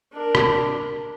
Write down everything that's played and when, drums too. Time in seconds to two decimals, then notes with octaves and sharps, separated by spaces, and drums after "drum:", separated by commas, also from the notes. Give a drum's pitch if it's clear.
0.13 D4 A#4
0.35 drum: rim click